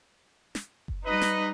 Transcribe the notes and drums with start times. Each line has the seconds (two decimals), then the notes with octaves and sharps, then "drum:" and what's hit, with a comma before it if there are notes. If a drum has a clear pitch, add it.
0.55 drum: snare
0.88 drum: kick F#1
1.05 G3 D#4 B4 D#5
1.22 drum: snare